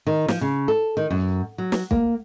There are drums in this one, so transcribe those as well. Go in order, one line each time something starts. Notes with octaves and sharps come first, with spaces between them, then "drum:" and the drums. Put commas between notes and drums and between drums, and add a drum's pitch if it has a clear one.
D#3
F3, drum: snare
C#3
A4
D#3
F#2
F#3
drum: snare
A#3, drum: kick